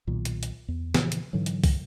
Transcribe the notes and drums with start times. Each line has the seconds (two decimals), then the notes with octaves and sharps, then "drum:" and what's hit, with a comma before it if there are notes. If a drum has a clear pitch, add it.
0.07 B1 A#2 D#3
0.25 drum: hi-hat
0.43 drum: hi-hat
0.68 E2
0.94 A#2 C#3 E3 F3, drum: snare
1.12 drum: hi-hat
1.33 G#2 D3 E3 F#3
1.46 drum: hi-hat
1.64 drum: kick, open hi-hat